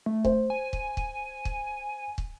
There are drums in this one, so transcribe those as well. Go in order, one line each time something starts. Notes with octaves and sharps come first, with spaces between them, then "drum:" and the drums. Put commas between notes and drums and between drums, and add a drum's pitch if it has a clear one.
A3
C5, drum: kick
G#5
drum: kick
drum: kick
drum: kick
drum: kick